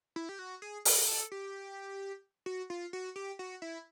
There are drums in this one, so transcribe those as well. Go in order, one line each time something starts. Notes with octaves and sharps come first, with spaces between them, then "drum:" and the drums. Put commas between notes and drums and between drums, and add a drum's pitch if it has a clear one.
E4
G4
F#4
G#4
A#4, drum: open hi-hat
A4
G4
F#4
F4
F#4
G4
F#4
E4